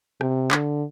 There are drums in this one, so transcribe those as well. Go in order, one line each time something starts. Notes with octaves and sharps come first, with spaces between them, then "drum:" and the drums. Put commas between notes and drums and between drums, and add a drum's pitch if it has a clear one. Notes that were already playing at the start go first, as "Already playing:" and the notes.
C3, drum: rim click
D3, drum: clap